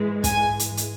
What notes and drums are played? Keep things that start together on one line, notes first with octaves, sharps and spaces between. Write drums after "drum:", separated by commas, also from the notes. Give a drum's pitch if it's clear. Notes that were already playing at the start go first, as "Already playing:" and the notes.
Already playing: G#2 E3 G#3
G#5, drum: kick, hi-hat
drum: hi-hat
drum: hi-hat